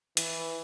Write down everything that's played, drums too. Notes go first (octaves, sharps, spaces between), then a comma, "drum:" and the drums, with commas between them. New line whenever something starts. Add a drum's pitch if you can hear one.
E3, drum: hi-hat